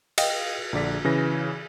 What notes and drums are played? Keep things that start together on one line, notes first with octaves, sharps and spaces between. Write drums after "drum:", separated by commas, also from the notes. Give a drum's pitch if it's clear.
D#5 F5 G5, drum: cymbal
A#1 D3 D5 B6
C#3 E3 A#6